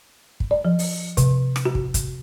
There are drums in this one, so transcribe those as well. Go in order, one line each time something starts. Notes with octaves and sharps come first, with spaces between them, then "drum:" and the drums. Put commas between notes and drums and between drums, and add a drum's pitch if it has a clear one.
drum: kick
D5
F3
drum: open hi-hat
C3, drum: kick, hi-hat
drum: rim click
F#4
drum: kick
drum: kick, hi-hat